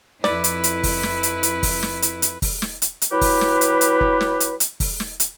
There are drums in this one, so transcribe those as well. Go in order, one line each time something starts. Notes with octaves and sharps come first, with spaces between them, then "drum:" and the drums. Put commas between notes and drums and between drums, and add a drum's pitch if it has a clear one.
F2 E4 B4 D5, drum: snare
drum: hi-hat
drum: hi-hat
drum: kick, open hi-hat
drum: snare
drum: hi-hat
drum: hi-hat
drum: kick, open hi-hat
drum: snare
drum: hi-hat
drum: hi-hat
drum: kick, open hi-hat
drum: snare
drum: hi-hat
drum: hi-hat
F#3 E4 G4 B4
drum: kick, open hi-hat
drum: snare
drum: hi-hat
drum: hi-hat
drum: kick
drum: snare
drum: hi-hat
drum: hi-hat
drum: kick, open hi-hat
drum: snare
drum: hi-hat